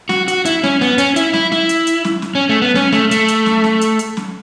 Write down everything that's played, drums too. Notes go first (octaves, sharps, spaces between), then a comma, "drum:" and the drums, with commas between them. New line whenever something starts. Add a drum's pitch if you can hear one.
F#4, drum: snare
F#4, drum: hi-hat
E4, drum: hi-hat
C#4, drum: snare
B3, drum: snare
C#4, drum: hi-hat
E4, drum: hi-hat
E4, drum: snare
E4, drum: snare
drum: hi-hat
drum: hi-hat
drum: snare
drum: snare
C#4
A3
B3
C#4, drum: snare
A3, drum: snare
A3, drum: hi-hat
drum: hi-hat
drum: snare
drum: snare
drum: hi-hat
drum: hi-hat
drum: snare